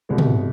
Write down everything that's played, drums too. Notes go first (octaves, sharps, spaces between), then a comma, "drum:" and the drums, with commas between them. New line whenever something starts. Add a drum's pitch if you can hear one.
C2 B2 G#3
drum: tom